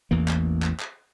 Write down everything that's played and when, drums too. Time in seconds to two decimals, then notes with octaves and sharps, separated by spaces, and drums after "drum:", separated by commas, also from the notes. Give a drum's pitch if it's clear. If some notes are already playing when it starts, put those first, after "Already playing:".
0.11 A1 E2 E3 A#3
0.28 drum: clap
0.63 drum: clap
0.80 drum: clap